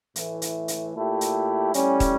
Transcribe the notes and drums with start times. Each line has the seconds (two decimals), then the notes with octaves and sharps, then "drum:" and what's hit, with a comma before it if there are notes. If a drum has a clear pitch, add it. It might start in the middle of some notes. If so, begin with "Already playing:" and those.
0.16 A2 E3 A3, drum: hi-hat
0.42 drum: hi-hat
0.68 drum: hi-hat
0.94 A#2 A3 E4 G4
1.21 drum: hi-hat
1.74 A2 G3 C#4, drum: hi-hat
2.00 drum: kick, hi-hat